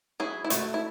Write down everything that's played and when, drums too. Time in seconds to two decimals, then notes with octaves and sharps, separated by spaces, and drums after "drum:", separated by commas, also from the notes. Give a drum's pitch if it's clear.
0.20 F#3 E4 G#4
0.44 E4
0.50 A3 F#4, drum: hi-hat
0.74 E4